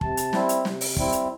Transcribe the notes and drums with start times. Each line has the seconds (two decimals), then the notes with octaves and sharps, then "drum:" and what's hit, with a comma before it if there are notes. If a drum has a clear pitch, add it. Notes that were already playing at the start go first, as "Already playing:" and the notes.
0.01 C3 A5, drum: kick
0.17 drum: hi-hat
0.33 G3 C4 E4, drum: snare
0.49 drum: hi-hat
0.65 C3, drum: snare
0.81 drum: open hi-hat
0.96 G3 C4 E4, drum: kick
1.12 drum: hi-hat